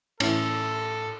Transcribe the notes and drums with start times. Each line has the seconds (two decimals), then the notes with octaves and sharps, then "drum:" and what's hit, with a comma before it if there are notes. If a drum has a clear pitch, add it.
0.20 A2 E3 C#4 A4, drum: cymbal